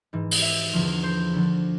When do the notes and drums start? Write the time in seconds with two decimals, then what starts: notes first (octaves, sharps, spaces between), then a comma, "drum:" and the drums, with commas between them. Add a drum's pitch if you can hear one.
0.13 G#2 E3
0.31 drum: open hi-hat
0.42 E5
0.73 E2 D3 F3
1.03 C5
1.33 D2 D3 F3